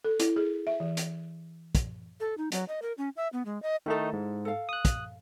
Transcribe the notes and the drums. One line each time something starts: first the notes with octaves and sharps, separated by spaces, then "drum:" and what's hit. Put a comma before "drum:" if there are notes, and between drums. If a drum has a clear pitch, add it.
A4
E4, drum: hi-hat
G#4
E5
E3
drum: hi-hat
drum: kick, hi-hat
A4
D#4
F#3, drum: hi-hat
D#5
A#4
C#4
E5
B3
G#3
D#5
D#3 A3 D#4 E4 A4
G#2
A4 F5
D#6 F#6
drum: kick, hi-hat